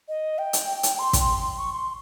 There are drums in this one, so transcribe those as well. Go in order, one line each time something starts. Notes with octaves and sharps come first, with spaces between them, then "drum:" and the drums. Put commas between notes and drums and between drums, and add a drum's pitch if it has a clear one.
D#5
G5
drum: hi-hat
drum: hi-hat
C6
drum: kick, hi-hat
C#6
C6